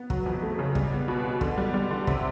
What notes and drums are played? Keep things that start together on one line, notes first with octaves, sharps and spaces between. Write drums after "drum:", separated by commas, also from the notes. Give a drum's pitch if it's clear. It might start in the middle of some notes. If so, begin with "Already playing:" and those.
Already playing: B3
F#3, drum: kick
F2
A3
C#3
G3, drum: kick
B3
B2
B3
D3, drum: kick
G3
G3
D3
C3, drum: kick